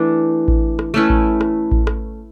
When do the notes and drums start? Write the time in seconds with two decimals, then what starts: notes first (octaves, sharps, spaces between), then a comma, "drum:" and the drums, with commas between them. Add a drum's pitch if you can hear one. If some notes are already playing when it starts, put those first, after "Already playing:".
Already playing: E3 A3 D4
0.48 drum: kick A1
0.79 drum: rim click
0.94 A3 C#4 E4 B4
1.10 drum: kick A1
1.41 drum: rim click
1.72 drum: kick A1
1.87 drum: rim click